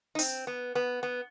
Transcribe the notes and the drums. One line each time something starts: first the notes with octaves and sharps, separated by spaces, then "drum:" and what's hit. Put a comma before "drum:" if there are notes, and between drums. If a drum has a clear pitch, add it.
D#4
C4, drum: open hi-hat
B3
B3
B3